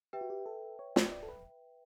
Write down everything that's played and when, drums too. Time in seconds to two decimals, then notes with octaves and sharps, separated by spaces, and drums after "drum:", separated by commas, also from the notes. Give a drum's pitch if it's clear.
0.13 G4 B4 E5 G5
0.21 F#4
0.30 G4
0.46 A4
0.79 C#5
0.96 D5, drum: snare
1.12 D5
1.23 A4
1.29 B4